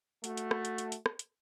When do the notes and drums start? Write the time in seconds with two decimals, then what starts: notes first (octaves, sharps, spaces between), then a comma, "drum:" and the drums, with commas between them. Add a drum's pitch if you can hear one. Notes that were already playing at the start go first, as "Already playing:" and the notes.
0.24 A3 F#4, drum: hi-hat
0.37 drum: hi-hat
0.51 drum: rim click
0.65 drum: hi-hat
0.78 drum: hi-hat
0.92 drum: hi-hat
1.06 drum: rim click
1.19 drum: hi-hat